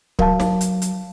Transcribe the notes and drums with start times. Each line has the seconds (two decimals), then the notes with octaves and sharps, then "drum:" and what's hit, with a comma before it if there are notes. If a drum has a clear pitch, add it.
0.19 F#3 A#4 F5 A5, drum: kick D1
0.40 drum: snare
0.61 drum: hi-hat
0.82 drum: hi-hat